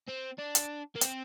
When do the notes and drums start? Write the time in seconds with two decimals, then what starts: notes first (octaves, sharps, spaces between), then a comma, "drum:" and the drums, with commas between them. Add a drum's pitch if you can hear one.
0.09 C4
0.39 D4
0.55 drum: hi-hat
0.95 A#3
1.01 C4, drum: hi-hat